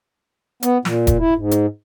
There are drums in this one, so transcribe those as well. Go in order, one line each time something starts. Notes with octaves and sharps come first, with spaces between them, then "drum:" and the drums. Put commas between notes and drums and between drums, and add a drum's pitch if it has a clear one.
B3, drum: hi-hat
A#2, drum: snare
drum: kick E1, hi-hat
E4
G#2
drum: hi-hat